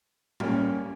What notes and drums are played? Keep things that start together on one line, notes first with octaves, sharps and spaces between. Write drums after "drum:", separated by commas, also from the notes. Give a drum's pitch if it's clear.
G3 A#3 C#4, drum: tom